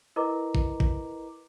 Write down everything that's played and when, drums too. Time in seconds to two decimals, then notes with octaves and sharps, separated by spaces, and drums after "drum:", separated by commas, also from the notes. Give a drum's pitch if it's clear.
0.16 E4 A#4 B4 D#5 A#5 D6
0.55 drum: kick G#1
0.80 drum: kick G#1